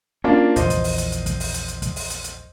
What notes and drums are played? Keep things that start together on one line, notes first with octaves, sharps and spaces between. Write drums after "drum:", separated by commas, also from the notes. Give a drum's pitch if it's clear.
A#3 C#4 D4 F4
A#1 E2 C5 D#5, drum: hi-hat
drum: kick, hi-hat
drum: open hi-hat
drum: hi-hat
drum: hi-hat
drum: kick, hi-hat
drum: open hi-hat
drum: hi-hat
drum: hi-hat
drum: kick, hi-hat
drum: open hi-hat
drum: hi-hat
drum: hi-hat